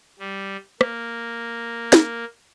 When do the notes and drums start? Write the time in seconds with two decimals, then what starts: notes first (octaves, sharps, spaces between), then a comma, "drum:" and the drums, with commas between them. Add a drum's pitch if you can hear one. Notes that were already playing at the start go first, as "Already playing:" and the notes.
0.19 G3
0.81 A#3, drum: rim click
1.93 drum: snare